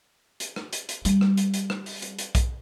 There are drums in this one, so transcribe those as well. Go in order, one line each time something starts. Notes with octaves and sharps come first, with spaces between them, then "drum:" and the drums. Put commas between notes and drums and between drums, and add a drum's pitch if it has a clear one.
drum: hi-hat
drum: rim click
drum: hi-hat
drum: hi-hat
G3, drum: hi-hat
drum: rim click
drum: hi-hat
drum: hi-hat
drum: rim click
drum: open hi-hat
drum: hi-hat
drum: hi-hat
drum: kick B1, hi-hat